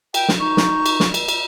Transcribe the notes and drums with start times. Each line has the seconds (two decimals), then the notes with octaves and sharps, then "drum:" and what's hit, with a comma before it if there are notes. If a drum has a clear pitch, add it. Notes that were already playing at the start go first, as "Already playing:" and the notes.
0.14 G5, drum: cymbal
0.29 drum: snare
0.40 D#4 C#6
0.57 drum: snare
0.86 drum: cymbal
1.00 drum: snare
1.14 drum: cymbal
1.28 drum: cymbal